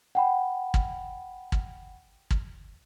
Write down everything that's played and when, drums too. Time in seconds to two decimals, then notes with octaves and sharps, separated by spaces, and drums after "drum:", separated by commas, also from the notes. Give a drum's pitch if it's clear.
0.15 F#5 G5 B5
0.74 drum: kick
1.52 drum: kick
2.31 drum: kick